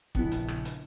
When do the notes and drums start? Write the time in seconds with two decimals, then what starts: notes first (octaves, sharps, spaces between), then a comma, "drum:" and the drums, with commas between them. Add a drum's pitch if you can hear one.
0.15 A#1 C#3 B3 E4, drum: kick
0.32 drum: hi-hat
0.48 drum: rim click
0.65 drum: hi-hat